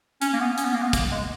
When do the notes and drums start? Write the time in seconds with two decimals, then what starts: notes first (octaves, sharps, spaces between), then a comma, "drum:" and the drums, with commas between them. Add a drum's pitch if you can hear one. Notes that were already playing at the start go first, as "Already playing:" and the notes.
0.22 C#4, drum: hi-hat
0.33 A#3
0.40 B3
0.58 C#4, drum: hi-hat
0.65 B3
0.74 A#3
0.82 B3
0.93 A#3, drum: kick, hi-hat
1.12 G#3